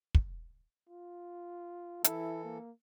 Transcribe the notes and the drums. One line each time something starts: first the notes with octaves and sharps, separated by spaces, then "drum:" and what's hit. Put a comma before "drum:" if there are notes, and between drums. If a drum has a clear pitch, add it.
drum: kick
F4
E3 E4 A4, drum: hi-hat
A#3